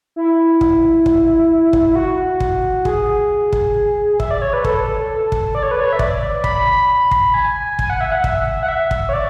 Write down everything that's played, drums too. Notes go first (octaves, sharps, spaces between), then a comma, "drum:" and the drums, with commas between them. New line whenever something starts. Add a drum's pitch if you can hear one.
E4
drum: kick
drum: kick
drum: kick
E4
F#4
drum: kick
G#4, drum: kick
drum: kick
E5, drum: kick
D5
C#5
B4
A4, drum: kick
A4
drum: kick
D5
C#5
B4
C#5
E5
D5, drum: kick
B5, drum: kick
drum: kick
G#5
G#5, drum: kick
F#5
E5
F#5
E5, drum: kick
F#5
E5
drum: kick
C#5
D5